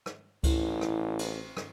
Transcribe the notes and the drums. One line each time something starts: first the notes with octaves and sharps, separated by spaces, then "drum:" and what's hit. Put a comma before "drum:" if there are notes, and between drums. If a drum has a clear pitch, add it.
drum: rim click
A1 E4, drum: kick C#2, cymbal
drum: rim click
drum: cymbal
drum: rim click